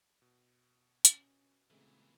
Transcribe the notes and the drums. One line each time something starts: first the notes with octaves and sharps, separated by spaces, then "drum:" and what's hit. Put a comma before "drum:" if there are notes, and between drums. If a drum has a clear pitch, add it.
B2
C#4, drum: hi-hat
A#2 C#3 E3 G#3 A3 C4 E4